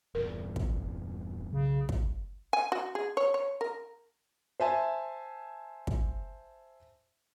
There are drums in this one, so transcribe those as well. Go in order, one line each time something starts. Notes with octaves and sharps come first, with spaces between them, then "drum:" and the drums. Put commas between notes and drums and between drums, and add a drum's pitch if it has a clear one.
D#1 E2 G2 A#4
drum: kick
B1 C#3
drum: kick
G#5
F#4
G#4
C#5
C#5
A#4
C5 E5 G#5 A5
drum: kick